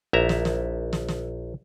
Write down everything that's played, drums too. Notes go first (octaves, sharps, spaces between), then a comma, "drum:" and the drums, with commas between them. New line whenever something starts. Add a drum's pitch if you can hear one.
A#1 E4 E5 A#5
drum: snare
drum: snare
drum: snare
drum: snare